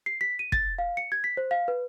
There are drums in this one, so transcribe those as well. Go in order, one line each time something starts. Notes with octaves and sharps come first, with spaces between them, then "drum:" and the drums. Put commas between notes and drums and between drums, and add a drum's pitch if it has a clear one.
C7
B6
D#7
A6, drum: kick
F5
C#7
G#6
B6
C5
F5
B4